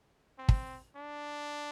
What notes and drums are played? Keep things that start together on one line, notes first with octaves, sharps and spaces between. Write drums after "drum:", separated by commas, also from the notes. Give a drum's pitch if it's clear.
C4
drum: kick
D4